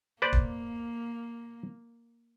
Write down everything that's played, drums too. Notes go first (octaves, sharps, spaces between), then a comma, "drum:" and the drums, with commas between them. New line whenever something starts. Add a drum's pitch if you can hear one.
A#3 B4 C5 D5
drum: kick